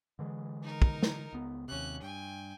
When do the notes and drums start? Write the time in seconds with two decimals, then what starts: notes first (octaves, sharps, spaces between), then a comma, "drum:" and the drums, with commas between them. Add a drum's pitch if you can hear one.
0.19 D3 E3 G#3
0.63 D#4 A#4
0.82 drum: kick
1.03 drum: snare
1.33 C#2 B3
1.68 D#2 C3 C#4 F#6
2.02 G2 G5 G#5